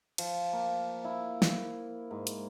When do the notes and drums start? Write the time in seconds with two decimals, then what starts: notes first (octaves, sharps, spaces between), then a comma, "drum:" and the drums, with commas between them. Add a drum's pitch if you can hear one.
0.18 F3, drum: cymbal
0.53 A#3
1.04 E4
1.42 drum: snare
2.11 G#2
2.27 drum: hi-hat